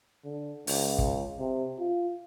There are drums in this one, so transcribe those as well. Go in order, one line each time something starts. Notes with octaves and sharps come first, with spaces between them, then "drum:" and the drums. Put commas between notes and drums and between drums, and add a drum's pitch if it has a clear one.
D3
C#2, drum: open hi-hat
drum: kick
C3
F4